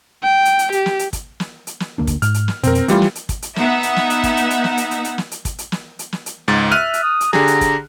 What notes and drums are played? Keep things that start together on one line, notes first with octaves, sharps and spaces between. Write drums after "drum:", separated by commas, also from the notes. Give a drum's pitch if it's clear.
G5
drum: hi-hat
drum: hi-hat
G4, drum: hi-hat
drum: snare
drum: hi-hat
drum: kick, hi-hat
drum: snare
drum: hi-hat
drum: snare
D2 A#3 D4
drum: kick, hi-hat
G#2 F6, drum: hi-hat
drum: hi-hat
drum: snare
F2 B2 C4 A#4, drum: hi-hat
drum: hi-hat
E3 G3 A3 F4, drum: hi-hat
drum: snare
drum: hi-hat
drum: kick, hi-hat
drum: hi-hat
B3 D#4 E5 F#5, drum: snare
drum: hi-hat
drum: snare
drum: hi-hat
drum: kick, hi-hat
drum: hi-hat
drum: hi-hat
drum: snare
drum: hi-hat
drum: hi-hat
drum: hi-hat
drum: snare
drum: hi-hat
drum: kick, hi-hat
drum: hi-hat
drum: snare
drum: hi-hat
drum: snare
drum: hi-hat
C#2 G#2 A6
E5 F6 F#6 D#7
drum: hi-hat
D#6
drum: hi-hat
D3 G4 G#4 A#5, drum: snare
drum: hi-hat
drum: kick, hi-hat